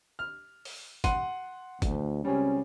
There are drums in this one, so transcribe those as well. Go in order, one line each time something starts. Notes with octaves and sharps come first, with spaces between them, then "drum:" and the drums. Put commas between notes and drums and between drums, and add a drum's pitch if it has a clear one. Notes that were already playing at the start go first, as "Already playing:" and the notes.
F6
drum: open hi-hat
F#5 C6 D#7, drum: kick, hi-hat
D2, drum: kick, hi-hat
C#2 C#3 G3 C4 C#4